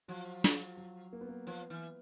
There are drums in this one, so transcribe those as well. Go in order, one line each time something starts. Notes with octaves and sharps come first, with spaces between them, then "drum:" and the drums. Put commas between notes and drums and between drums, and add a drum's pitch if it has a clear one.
F3 F#3
drum: snare
F#3
A#3
B3
A#3
F3 B3
E3